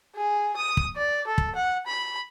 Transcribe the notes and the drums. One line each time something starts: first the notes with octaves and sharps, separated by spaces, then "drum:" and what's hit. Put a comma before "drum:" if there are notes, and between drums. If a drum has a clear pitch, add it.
G#4
D#6
drum: kick
D5
A4
drum: kick
F#5
B5